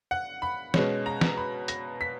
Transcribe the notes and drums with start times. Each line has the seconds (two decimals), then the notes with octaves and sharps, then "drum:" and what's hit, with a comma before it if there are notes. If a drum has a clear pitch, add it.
0.11 F#5
0.42 B5
0.74 B2 G#3 C#4, drum: snare
1.06 A#5
1.21 drum: snare
1.37 B5
1.68 A#6, drum: hi-hat
2.01 B6